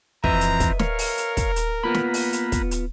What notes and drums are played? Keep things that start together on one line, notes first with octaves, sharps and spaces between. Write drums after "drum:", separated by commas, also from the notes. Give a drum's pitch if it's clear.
F2 E3 C4 B4 D#5 E5 A#5, drum: kick
drum: hi-hat
drum: kick, hi-hat
A#4 C#5 F5, drum: snare
drum: open hi-hat
drum: hi-hat
drum: kick, hi-hat
drum: hi-hat
A#3 B3 F4 B4 B5
drum: snare
drum: open hi-hat
drum: hi-hat
drum: kick, hi-hat
drum: hi-hat